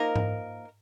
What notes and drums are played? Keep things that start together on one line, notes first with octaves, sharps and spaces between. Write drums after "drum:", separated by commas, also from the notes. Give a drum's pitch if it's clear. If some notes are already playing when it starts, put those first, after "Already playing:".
Already playing: F3 A#3 D#4 A#4
drum: tom G#2